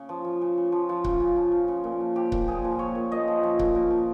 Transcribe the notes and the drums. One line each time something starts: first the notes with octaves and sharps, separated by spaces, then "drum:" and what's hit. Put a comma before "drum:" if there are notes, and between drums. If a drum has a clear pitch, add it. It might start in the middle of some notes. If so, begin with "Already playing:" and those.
Already playing: C#3
F3
F3
C#3
C#3
F3
F3
C#3, drum: kick C#1
C#3
F3
F3
C#3
A#2
F3
F3 G4
A#2, drum: kick C#1
A#2 G#4
F3
F3 C#5
A#2
A#2 D#5
F3
F3
A#2, drum: kick C#1
A#2
F3